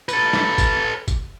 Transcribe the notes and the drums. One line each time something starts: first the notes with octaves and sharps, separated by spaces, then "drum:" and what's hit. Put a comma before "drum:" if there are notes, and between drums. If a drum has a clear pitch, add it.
A4 B4, drum: tambourine
drum: snare
drum: kick, tambourine
drum: kick, tambourine